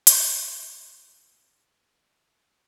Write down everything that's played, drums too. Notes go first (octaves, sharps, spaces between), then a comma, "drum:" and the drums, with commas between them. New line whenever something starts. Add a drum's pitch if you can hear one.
E4 G4 A#4 C5, drum: hi-hat